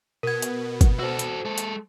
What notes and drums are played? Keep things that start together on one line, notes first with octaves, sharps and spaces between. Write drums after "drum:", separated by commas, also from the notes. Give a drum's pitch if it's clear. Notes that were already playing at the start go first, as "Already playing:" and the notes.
B2 B3 A#4 G#6
drum: hi-hat
drum: kick G1, hi-hat
F#4 A4 C5 E6
drum: hi-hat
G#3 A4
drum: hi-hat